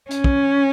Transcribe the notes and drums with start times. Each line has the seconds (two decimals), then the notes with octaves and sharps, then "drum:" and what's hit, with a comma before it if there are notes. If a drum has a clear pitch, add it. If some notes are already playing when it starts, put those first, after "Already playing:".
0.11 C#4, drum: hi-hat
0.24 drum: kick